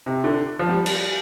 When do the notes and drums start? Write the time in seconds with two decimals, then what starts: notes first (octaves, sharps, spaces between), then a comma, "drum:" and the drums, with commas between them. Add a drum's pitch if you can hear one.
0.06 C3
0.24 D3
0.59 F3
0.69 G3
0.86 drum: cymbal